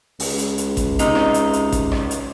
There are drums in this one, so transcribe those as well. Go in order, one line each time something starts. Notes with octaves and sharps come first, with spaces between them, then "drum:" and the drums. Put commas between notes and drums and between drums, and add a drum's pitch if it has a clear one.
C#2, drum: open hi-hat
drum: hi-hat
drum: hi-hat
drum: kick A1, hi-hat
C3 D#4, drum: hi-hat
drum: rim click
drum: hi-hat
drum: hi-hat
drum: kick A1, hi-hat
drum: rim click
drum: hi-hat